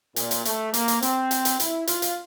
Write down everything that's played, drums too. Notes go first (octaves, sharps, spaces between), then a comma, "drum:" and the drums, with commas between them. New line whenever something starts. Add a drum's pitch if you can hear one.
A#2, drum: hi-hat
drum: hi-hat
A3, drum: hi-hat
A#3, drum: hi-hat
drum: hi-hat
C4, drum: hi-hat
drum: hi-hat
drum: hi-hat
E4, drum: hi-hat
F4, drum: hi-hat
drum: hi-hat